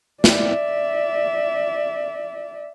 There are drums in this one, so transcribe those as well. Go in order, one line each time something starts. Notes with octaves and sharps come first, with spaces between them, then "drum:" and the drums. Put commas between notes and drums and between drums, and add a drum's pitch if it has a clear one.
D5 E5, drum: snare